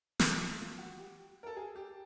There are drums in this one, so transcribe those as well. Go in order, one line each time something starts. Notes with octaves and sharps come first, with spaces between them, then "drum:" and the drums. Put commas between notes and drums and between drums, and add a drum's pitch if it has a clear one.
A#4, drum: snare
A4
F4
F4
F#4
G4
A#4
A4
G#4
G4